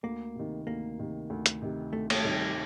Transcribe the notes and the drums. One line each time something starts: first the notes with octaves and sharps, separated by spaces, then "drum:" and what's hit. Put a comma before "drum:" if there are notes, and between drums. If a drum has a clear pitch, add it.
D2 A#3
C3 D#3
D2 A#3
C3 D#3
D2
drum: hi-hat
C3 D#3
D2 A3
A#3, drum: cymbal
A3
C3 D#3 G3